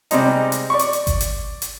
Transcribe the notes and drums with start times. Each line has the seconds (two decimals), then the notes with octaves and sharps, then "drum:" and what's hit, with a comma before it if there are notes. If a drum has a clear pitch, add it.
0.11 C3 G3 G#3 D#4, drum: hi-hat
0.52 drum: hi-hat
0.70 D5 C#6
0.79 drum: hi-hat
0.93 drum: hi-hat
1.07 drum: kick G1, hi-hat
1.21 drum: hi-hat
1.62 drum: hi-hat